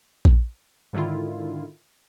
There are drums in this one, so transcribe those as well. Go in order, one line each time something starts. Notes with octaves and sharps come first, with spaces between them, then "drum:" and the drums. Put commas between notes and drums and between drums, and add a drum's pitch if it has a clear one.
drum: kick A#1
G#2 D3 D#3 E4 F4